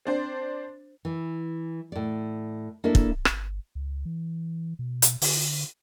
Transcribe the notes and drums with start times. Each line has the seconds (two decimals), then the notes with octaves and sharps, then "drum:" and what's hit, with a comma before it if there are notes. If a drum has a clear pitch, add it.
0.05 C4 D4 C5
1.05 E3
1.92 A2 D5
2.84 A#3 D4 E4 A4 E5
2.95 drum: kick
3.25 G1, drum: rim click
3.75 C#2
4.05 E3
4.79 B2
5.02 drum: hi-hat
5.21 D3, drum: open hi-hat